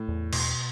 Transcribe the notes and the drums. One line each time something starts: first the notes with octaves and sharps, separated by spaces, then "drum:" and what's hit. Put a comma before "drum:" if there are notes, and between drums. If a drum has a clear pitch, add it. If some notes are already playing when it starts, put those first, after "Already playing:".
Already playing: A2
E2
B2, drum: cymbal